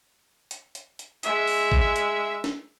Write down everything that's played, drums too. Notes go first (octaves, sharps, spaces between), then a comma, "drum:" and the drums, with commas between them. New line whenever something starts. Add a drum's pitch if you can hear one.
drum: hi-hat
drum: hi-hat
drum: hi-hat
G#3 E5, drum: hi-hat
drum: open hi-hat
drum: kick
drum: hi-hat
drum: snare D4